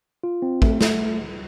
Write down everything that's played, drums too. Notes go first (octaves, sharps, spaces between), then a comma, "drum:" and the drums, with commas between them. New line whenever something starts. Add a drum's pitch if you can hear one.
F4
C4
A3, drum: kick
A3, drum: snare